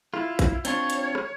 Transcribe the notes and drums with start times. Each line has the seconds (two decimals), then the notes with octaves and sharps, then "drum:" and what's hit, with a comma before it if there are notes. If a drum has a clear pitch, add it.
0.14 E4 F4, drum: rim click
0.39 drum: kick, hi-hat
0.65 C4 D4 F4 C#5, drum: hi-hat
0.90 drum: hi-hat
1.15 drum: rim click